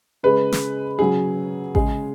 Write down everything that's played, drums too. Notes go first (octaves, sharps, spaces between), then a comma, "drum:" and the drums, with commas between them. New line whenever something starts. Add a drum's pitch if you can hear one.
C#3 G#3 B4
drum: snare
C#3 F#3 G#4
C#3 G#3 G#4, drum: kick A1